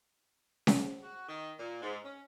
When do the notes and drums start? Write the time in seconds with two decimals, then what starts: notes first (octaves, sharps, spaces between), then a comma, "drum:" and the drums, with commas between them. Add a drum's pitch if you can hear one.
0.67 drum: snare C#4
1.02 F#4
1.29 D#3
1.59 A#2
1.83 G#2
2.04 C#4